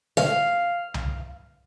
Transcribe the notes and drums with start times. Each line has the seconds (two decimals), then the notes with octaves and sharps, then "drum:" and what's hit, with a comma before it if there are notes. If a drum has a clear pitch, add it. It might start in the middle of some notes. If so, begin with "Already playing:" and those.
0.17 F5, drum: snare
0.94 drum: tom C2